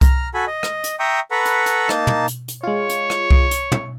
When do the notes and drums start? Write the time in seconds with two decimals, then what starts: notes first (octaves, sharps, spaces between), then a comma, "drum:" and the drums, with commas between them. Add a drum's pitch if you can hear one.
0.01 A#5 F6, drum: kick C2, hi-hat
0.34 F#4 A4 G#5 B5
0.47 D#5
0.63 drum: rim click
0.84 drum: hi-hat
0.99 E5 G5 A#5 C#6 D#6
1.31 A4 B4 F#5 A#5 B5 C#6
1.45 drum: hi-hat
1.66 drum: hi-hat
1.89 A#3 D#4 A5, drum: rim click
2.07 drum: tom
2.28 drum: hi-hat
2.48 drum: hi-hat
2.63 G#3 F4 C#5
2.89 drum: hi-hat
3.10 drum: rim click
3.31 drum: kick C2
3.51 drum: hi-hat
3.72 drum: tom